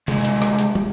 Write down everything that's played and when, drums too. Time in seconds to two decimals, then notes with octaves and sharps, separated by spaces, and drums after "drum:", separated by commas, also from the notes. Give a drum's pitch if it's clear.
0.08 C2 G#3, drum: tom C3
0.25 drum: hi-hat
0.42 drum: rim click
0.58 drum: hi-hat
0.75 drum: tom